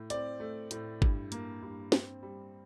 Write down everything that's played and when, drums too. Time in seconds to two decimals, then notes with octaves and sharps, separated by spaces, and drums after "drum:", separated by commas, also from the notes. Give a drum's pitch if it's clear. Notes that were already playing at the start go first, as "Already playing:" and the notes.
Already playing: A2
0.10 C4 D5, drum: hi-hat
0.40 A3
0.71 A2, drum: hi-hat
1.02 G2, drum: kick G1
1.32 A#3, drum: hi-hat
1.62 G2
1.92 C4, drum: snare
2.23 G3